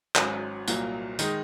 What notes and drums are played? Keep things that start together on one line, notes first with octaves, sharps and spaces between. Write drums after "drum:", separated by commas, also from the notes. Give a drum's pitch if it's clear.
G#1 G#2 F#3 C#4 G#5, drum: clap
C2 A#2 F#3 A#3, drum: tambourine
D#3 G#3 D#4, drum: tambourine